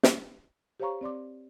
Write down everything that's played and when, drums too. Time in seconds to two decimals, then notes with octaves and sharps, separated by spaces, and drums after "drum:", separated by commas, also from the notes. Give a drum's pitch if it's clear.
0.03 drum: snare
0.80 G4 C5 C#5 F5 A#5 C#6
1.01 C4 D5 C6 D6